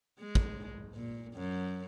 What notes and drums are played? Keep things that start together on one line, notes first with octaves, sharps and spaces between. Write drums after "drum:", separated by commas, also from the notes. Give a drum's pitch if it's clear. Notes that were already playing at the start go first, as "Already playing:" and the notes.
G#3
drum: kick
A#2
F#2